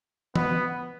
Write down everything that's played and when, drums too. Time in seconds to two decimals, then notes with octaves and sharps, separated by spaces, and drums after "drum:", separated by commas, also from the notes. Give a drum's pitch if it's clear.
0.36 B3, drum: tom